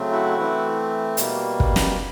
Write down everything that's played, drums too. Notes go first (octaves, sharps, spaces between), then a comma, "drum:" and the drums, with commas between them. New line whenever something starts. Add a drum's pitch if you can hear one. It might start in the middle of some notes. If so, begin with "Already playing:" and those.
Already playing: C#3 F#3 A3 C4
E4 F#4
E3 A3 C4
B2 G3 A#3, drum: hi-hat
drum: kick
drum: snare